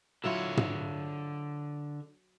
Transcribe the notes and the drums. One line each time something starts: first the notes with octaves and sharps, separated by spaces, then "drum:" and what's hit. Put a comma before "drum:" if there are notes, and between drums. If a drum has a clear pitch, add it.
D3 F#3 E4 F4 C#5
drum: tom